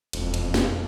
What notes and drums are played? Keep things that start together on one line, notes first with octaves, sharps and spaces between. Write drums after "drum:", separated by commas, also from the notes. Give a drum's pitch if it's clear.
E1 F2, drum: cymbal
drum: cymbal
drum: snare